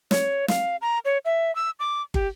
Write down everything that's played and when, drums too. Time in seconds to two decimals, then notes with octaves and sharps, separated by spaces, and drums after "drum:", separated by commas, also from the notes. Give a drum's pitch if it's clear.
0.11 C#5, drum: snare
0.48 F5, drum: snare
0.82 A#5
1.05 C#5
1.25 E5
1.55 E6
1.80 D6
2.14 G4, drum: kick